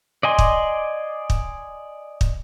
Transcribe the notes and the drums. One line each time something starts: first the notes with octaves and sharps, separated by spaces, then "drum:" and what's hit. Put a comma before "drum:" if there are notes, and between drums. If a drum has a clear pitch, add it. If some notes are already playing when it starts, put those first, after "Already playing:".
D5 D#5 G#5 C6
drum: kick
drum: kick
drum: kick